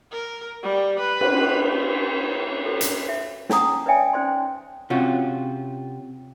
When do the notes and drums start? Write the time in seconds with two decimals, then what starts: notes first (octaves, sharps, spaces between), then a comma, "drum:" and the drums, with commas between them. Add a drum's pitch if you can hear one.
0.12 A#4
0.63 G3
1.00 B4
1.21 drum: cymbal
2.66 F#4 A4
2.81 drum: hi-hat
3.09 E5
3.49 C#4 D4 F#5 A#5 D#6, drum: snare
3.86 B4 C#5 D5 E5 G5 G#5
4.13 C#4 D#4 C5 D5 C6
4.90 C3 C#4 F4 F#4